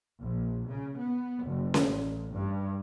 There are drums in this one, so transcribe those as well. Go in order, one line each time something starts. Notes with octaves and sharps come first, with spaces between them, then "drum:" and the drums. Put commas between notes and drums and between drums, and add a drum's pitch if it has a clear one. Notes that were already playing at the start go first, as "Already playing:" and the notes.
A#1
C#3
B3
F#1
drum: snare C#4
A1
G2